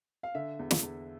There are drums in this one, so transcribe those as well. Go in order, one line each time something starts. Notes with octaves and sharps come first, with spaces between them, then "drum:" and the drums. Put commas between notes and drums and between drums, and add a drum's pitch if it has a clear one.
F5
D3 E5
E2
drum: snare
E2